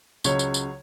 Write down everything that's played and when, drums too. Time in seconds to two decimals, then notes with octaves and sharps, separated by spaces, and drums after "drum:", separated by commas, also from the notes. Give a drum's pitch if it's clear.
0.24 C#2 C#3 F#3 C#5, drum: tambourine
0.39 drum: tambourine
0.54 drum: tambourine